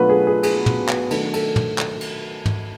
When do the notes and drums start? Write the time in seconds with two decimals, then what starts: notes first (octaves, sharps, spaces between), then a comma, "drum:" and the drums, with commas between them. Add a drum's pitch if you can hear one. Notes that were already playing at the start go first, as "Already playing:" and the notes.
Already playing: B2 F#3 A3 D4 F4 B4
0.10 G#4
0.27 G#4
0.43 G#4, drum: cymbal
0.66 drum: tom
0.89 drum: clap
1.11 D#3 F#3 A3 D4 A4, drum: cymbal
1.34 A4, drum: cymbal
1.56 drum: tom
1.78 drum: clap
2.01 drum: cymbal
2.46 drum: tom